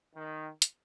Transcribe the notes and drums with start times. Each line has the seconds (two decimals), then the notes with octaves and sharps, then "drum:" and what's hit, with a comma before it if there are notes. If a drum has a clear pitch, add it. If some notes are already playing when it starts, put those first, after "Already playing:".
0.16 D#3
0.62 drum: hi-hat